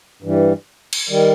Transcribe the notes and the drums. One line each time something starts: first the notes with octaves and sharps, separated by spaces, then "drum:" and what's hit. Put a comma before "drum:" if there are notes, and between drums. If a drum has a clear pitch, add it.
G2 E3 G3
drum: cymbal
D#3 G3